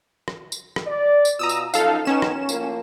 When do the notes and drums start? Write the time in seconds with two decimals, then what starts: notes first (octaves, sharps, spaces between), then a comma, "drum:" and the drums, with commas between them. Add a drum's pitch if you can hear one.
0.28 drum: rim click
0.52 drum: tambourine
0.76 drum: rim click
0.87 D5
1.25 drum: tambourine
1.39 B2 F4 A#5 D#6 E6
1.49 drum: tambourine
1.74 F#2 F3 D#4 A4 F5, drum: tambourine
2.05 D#3 B3 C#4 E7
2.22 drum: rim click
2.49 A2 F3 A#3, drum: tambourine